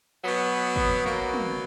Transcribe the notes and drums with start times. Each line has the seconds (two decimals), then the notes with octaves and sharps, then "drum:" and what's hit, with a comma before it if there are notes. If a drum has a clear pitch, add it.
0.23 B2 F#3 B3
0.76 drum: kick
1.06 B2 F#3 A#3, drum: snare
1.34 drum: tom